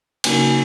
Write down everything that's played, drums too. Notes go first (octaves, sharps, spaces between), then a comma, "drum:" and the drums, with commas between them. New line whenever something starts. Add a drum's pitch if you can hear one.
C#3 F#3 A#3 D#4 G#5, drum: cymbal